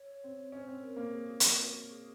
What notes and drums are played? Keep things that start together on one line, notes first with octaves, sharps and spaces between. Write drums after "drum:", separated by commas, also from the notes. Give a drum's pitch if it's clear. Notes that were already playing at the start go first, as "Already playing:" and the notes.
Already playing: C#5
C4
C#4 C5
C4
A#4
A#3
G#4
F#4
D#4, drum: hi-hat
F4
F#4
G#4